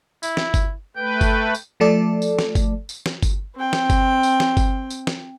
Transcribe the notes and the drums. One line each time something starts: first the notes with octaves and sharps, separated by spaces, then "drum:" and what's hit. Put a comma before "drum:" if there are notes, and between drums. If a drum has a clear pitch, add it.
E4, drum: tambourine
drum: snare
drum: kick G1, tambourine
A3 B4 G5
drum: kick G1, tambourine
drum: tambourine
F3 A3 A4 D5
drum: tambourine
drum: snare
drum: kick G1, tambourine
drum: tambourine
drum: snare
drum: kick G1, tambourine
C4 G5
drum: snare
drum: kick G1, tambourine
drum: tambourine
drum: snare
drum: kick G1, tambourine
drum: tambourine
drum: snare